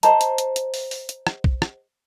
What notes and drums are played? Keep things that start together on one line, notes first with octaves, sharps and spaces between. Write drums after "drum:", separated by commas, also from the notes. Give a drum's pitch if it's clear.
C5 D#5 A5 A#5, drum: hi-hat
drum: hi-hat
drum: hi-hat
drum: hi-hat
drum: open hi-hat
drum: open hi-hat
drum: hi-hat
drum: rim click
drum: kick
drum: rim click